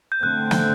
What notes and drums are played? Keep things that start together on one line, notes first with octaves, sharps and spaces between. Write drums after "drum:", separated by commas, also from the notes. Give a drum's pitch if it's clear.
G6
D3 A3 C4 F#6
drum: snare